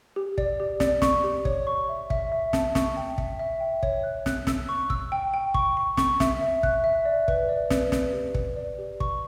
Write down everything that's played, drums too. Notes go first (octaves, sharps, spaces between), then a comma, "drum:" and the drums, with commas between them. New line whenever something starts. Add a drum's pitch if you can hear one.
G4
D5, drum: kick
G4
D5, drum: snare
C#6, drum: snare
G4
C#5, drum: kick
C#6
E5
E5, drum: kick
E5
A5, drum: snare
C#6, drum: snare
G5
E5, drum: kick
E5
G5
C#5, drum: kick
F#6
F#6, drum: snare
E6, drum: snare
C#6
E6, drum: kick
G5
G5
C#6, drum: kick
C#6
C#6, drum: snare
E5, drum: snare
E5
F#6, drum: kick
E5
D5
B4, drum: kick
D5
B4, drum: snare
B4, drum: snare
G4
B4, drum: kick
D5
G4
C#6, drum: kick